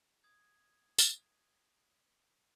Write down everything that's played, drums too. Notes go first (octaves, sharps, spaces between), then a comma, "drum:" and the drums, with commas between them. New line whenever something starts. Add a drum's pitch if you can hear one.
D#6 G#6
drum: tambourine